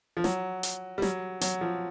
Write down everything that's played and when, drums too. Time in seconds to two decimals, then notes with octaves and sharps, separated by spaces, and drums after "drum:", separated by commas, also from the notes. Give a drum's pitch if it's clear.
0.17 F3
0.24 F#3, drum: snare
0.63 drum: hi-hat
0.98 G3
1.02 F#3, drum: snare
1.41 F#3, drum: hi-hat
1.61 F3